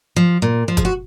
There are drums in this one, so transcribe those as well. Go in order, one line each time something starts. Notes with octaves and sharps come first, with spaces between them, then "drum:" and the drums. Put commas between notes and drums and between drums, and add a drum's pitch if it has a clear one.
F3
A#2
F3
G#4, drum: kick, hi-hat
F#4